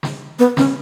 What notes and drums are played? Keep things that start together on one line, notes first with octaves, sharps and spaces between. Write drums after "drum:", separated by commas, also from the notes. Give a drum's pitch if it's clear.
drum: snare
B3
C#4, drum: snare